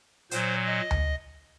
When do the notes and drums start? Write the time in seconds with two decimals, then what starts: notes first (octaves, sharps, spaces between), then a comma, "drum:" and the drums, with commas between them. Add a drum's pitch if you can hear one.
0.31 A#2 F#3 C5, drum: hi-hat
0.66 D#5
0.91 drum: tom D2